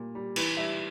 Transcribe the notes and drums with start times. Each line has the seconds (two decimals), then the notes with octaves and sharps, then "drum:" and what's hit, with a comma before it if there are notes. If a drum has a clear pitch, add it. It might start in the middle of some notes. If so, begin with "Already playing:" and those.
Already playing: A#2 G3
0.15 G3
0.36 E3 B4, drum: cymbal
0.57 G3 E5